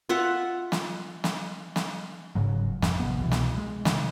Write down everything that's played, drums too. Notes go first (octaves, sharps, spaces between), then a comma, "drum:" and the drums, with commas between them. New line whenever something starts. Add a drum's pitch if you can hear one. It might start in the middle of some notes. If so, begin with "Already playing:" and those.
F4 E5 F#5
drum: snare
drum: snare
drum: snare
F#1 G#2 C#3 F#3
F1 F2 C3 F3, drum: snare
A1 C3 B3
C2 B2 E3
drum: snare
G#3
C3 D#3, drum: snare